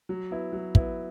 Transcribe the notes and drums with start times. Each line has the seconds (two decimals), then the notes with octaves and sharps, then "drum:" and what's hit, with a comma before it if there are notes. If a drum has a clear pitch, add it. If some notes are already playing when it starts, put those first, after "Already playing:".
0.09 F#3
0.31 B3 E4
0.53 F#3
0.75 B3 E4, drum: kick